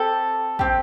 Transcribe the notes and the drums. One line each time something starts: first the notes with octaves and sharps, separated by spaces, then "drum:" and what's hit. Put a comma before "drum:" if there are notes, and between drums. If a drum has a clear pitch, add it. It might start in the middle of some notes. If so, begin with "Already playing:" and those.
Already playing: C4 G4 A4
C4 G4, drum: kick